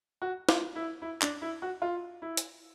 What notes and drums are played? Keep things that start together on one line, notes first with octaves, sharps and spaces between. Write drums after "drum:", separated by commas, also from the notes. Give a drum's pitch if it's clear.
F#4
F4, drum: snare
E4
E4
D4, drum: clap
E4
F#4
F4
E4
drum: hi-hat